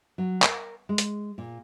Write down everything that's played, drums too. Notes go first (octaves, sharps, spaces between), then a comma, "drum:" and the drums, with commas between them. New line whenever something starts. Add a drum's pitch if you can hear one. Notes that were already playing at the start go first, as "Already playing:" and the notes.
F#3
A#4, drum: clap
G#3
drum: hi-hat
A#2